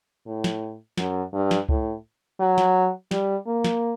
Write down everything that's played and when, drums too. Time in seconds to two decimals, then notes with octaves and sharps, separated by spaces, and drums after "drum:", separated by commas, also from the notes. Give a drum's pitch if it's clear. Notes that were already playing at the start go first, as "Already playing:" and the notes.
0.26 A2
0.44 drum: snare
0.98 F#2, drum: snare
1.33 G2
1.51 drum: snare
1.69 A2, drum: kick C#2
2.40 F#3
2.58 drum: snare
3.11 G3, drum: snare
3.46 A#3
3.64 drum: snare